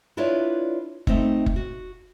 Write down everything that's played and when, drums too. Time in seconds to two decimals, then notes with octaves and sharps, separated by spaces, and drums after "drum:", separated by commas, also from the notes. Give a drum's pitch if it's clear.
0.17 D4 E4 F4 B4 C#5 D5
1.07 A3 C4 D#4, drum: kick F#1
1.46 drum: kick F#1
1.56 F#4